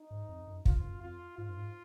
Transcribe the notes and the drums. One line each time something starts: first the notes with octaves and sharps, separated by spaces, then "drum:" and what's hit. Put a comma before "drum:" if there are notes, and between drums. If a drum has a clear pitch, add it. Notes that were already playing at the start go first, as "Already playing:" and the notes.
Already playing: D#4
G#2
F2
F#2
G#2 F4, drum: kick
F#2
F2 F4
G#2 F4
F#2
G#2